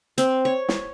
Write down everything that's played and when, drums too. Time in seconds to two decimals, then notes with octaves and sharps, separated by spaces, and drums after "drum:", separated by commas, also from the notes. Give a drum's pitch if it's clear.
0.18 C4, drum: hi-hat
0.45 C#5
0.69 drum: snare